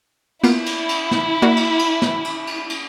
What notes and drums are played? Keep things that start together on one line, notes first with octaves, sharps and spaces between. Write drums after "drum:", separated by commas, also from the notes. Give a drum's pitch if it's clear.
A#3 B3 E4 F4, drum: cymbal
drum: cymbal
drum: cymbal
drum: snare
A#3 F#4 D5
drum: cymbal
drum: cymbal
drum: snare
drum: cymbal
drum: cymbal
drum: cymbal